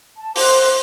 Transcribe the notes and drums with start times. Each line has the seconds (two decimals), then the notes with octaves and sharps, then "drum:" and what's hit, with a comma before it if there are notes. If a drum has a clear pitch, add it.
0.17 A5
0.36 C5 C6 D6 F#6, drum: open hi-hat